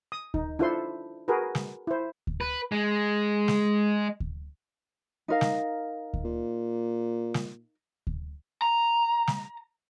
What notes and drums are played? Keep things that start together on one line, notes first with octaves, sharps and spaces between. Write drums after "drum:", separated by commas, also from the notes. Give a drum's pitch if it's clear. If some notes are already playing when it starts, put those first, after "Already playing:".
D#6
D#4, drum: kick D2
D4 E4 F4 A4 C5 C6
F#4 G#4 A#4 B4
drum: snare
E4 C5
drum: kick D2
B4
G#3
drum: snare
drum: kick D2
D#4 A#4 F5
drum: snare
drum: kick D2
A#2
drum: snare
drum: kick D2
A#5
drum: snare